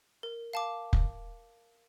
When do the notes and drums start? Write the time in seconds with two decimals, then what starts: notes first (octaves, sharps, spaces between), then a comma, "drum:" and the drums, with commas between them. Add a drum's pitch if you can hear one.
0.23 A#4
0.53 F5 A5 D6
0.93 drum: kick F1